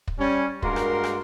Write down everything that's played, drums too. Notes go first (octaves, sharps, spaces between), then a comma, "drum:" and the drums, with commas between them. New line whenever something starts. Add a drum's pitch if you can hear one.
drum: kick
G3 C#4
G2 G#3 A#3 F#4 A#4 C6, drum: kick
drum: rim click
drum: rim click